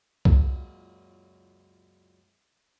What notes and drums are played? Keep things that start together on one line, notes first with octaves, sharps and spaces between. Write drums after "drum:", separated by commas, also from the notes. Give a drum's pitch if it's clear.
C#2 F#2 A#2, drum: kick C2